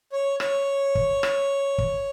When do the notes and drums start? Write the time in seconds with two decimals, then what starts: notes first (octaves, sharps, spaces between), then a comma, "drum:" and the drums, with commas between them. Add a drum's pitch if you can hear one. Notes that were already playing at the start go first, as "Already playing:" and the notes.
0.12 C#5
0.40 C#5, drum: rim click
0.95 drum: kick
1.23 drum: rim click
1.78 drum: kick